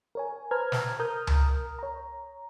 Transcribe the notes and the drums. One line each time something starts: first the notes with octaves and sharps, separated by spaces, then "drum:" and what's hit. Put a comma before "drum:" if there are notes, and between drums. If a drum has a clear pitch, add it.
A#4 C#5 G#5
B4 C5 A5 A#5 F6 G#6
drum: snare
A#4 A#5 D#6 F6 G6
drum: tom C#2
C#5 A#5